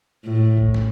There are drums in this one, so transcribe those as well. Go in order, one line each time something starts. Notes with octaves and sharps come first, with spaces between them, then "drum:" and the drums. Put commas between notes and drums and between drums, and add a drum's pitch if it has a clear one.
A2
drum: kick A1
drum: snare